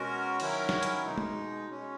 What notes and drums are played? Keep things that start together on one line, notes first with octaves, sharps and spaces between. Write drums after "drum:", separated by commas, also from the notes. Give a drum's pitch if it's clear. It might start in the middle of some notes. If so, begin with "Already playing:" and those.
Already playing: B2 G#3 C#4 F#4 A#4
D#3 F#3 C#4 E4 A#4, drum: cymbal
drum: snare
drum: hi-hat
B2 G#3 D#4
drum: tom
B2 G#3 C#4